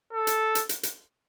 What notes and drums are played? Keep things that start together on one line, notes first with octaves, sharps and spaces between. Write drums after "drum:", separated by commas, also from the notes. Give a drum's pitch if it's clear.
A4
drum: hi-hat
drum: hi-hat
drum: hi-hat
drum: hi-hat